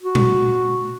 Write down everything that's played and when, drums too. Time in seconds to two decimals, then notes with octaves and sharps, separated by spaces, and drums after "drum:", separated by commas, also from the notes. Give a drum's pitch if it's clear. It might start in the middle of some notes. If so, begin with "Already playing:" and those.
0.03 F#4
0.15 drum: tom A#2